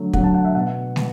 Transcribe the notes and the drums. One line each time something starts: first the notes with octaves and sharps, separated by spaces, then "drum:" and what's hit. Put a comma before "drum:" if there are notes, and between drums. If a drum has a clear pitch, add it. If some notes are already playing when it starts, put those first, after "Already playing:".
Already playing: D3 F#3 A3
D3 F#3 A3 F#5, drum: kick
A5
F#5
E5
B2 B3 F#5
B3, drum: snare